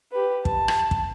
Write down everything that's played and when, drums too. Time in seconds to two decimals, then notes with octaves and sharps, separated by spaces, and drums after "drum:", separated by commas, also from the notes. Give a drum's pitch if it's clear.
0.12 G4 B4
0.45 A5, drum: kick
0.68 drum: rim click
0.91 drum: kick